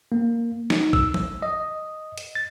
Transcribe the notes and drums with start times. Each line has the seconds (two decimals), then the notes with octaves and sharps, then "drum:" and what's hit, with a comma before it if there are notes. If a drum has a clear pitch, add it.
0.12 A#3
0.70 D#4, drum: snare
0.93 E6, drum: kick
1.14 drum: tom
1.42 D#5
2.18 drum: hi-hat
2.35 A6